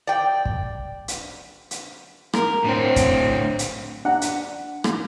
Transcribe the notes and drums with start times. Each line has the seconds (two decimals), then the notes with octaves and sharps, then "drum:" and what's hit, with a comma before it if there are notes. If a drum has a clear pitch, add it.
0.07 D5 G5
0.45 drum: kick
1.08 drum: hi-hat
1.71 drum: hi-hat
2.33 A#4, drum: rim click
2.64 A2 C4 D4 C#5
2.96 drum: kick, hi-hat
3.59 drum: hi-hat
4.05 D4 F#5 A#5
4.22 drum: hi-hat
4.84 drum: rim click